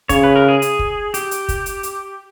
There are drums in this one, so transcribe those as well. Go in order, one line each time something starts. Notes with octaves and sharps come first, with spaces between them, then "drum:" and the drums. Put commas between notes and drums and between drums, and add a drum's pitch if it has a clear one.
C#3 C#5, drum: kick, hi-hat
B4
A#4
G#4
drum: hi-hat
drum: kick
G4, drum: hi-hat
drum: hi-hat
drum: kick, hi-hat
drum: hi-hat
drum: hi-hat